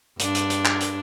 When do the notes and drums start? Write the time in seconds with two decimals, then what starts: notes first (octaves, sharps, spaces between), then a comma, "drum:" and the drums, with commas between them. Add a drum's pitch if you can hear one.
0.19 G2 D4, drum: hi-hat
0.35 drum: hi-hat
0.50 drum: hi-hat
0.65 drum: clap
0.80 drum: hi-hat